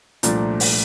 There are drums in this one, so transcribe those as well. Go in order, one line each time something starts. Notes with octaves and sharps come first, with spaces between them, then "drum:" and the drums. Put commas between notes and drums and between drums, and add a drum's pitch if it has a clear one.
C2 A#2 F3 A3 D4, drum: hi-hat
drum: open hi-hat